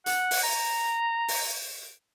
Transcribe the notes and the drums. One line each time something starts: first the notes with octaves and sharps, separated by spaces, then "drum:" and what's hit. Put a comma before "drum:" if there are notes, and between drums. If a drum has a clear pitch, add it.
F#5, drum: hi-hat
drum: open hi-hat
A#5
drum: open hi-hat